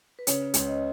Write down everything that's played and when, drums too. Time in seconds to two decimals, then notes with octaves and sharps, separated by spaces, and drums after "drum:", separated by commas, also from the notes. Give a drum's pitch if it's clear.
0.19 B4
0.27 C#3 C#5, drum: hi-hat
0.54 C#2, drum: hi-hat
0.68 D#5